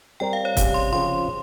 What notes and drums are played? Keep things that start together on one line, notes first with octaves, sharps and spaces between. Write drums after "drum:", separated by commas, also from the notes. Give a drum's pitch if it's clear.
G3 C4 G4 A#4 G5
F5
C#5
C3 G3 C#4 G#4 F5, drum: kick, hi-hat
C6
C#3 F3 C4 F4 C6